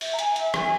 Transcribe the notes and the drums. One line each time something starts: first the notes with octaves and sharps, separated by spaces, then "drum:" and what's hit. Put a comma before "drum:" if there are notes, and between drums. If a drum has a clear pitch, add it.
E5, drum: open hi-hat
A#5
G#5, drum: hi-hat
E5, drum: hi-hat
G#5, drum: rim click